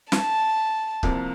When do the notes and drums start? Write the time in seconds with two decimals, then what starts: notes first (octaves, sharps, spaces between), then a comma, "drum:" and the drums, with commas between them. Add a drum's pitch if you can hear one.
0.12 A5, drum: snare
1.03 C2 C3 F3 A#3, drum: kick C#1